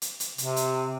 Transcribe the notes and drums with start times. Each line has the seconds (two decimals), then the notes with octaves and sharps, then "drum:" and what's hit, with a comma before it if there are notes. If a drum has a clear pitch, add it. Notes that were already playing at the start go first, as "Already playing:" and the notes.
0.02 drum: hi-hat
0.20 drum: hi-hat
0.38 C3, drum: hi-hat
0.56 drum: hi-hat